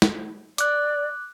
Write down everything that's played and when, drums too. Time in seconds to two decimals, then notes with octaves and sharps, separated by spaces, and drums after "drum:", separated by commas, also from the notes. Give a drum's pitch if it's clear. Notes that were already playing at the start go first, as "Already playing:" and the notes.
0.02 drum: snare
0.58 D5 D6 F#6, drum: hi-hat